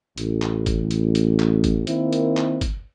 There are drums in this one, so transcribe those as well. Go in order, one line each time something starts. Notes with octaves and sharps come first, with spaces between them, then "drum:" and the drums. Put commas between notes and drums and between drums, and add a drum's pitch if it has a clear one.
A1, drum: hi-hat
drum: clap
drum: kick, hi-hat
drum: hi-hat
drum: hi-hat
drum: clap
drum: kick, hi-hat
D#3 A#3 C4 E4, drum: hi-hat
drum: hi-hat
drum: clap
drum: kick, hi-hat